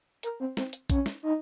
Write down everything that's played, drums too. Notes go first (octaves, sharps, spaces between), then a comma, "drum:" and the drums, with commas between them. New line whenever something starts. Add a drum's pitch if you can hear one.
A#4, drum: hi-hat
C4
C4, drum: snare
drum: hi-hat
C#4, drum: kick A#1, hi-hat
drum: snare
D#4